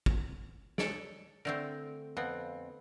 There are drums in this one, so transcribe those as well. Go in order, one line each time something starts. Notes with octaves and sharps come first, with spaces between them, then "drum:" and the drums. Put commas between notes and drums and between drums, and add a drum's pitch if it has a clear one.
drum: kick
A4 C#5 D5, drum: snare
D3 A3 C4 A#4
F2 B3 C4